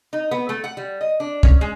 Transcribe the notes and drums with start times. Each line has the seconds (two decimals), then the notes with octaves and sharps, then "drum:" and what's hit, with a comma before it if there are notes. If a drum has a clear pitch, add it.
0.13 D#4
0.31 B3
0.49 A3
0.64 F#5
0.77 G3
1.01 D#5
1.20 D4
1.43 C#4, drum: kick
1.61 G#3